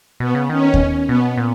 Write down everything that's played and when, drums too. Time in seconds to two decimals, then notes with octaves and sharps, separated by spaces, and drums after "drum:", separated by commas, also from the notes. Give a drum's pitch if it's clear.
0.20 B2 B3
0.35 C#3
0.50 D#3 C#4
0.74 drum: kick D#2
1.08 B2 B3
1.37 A#2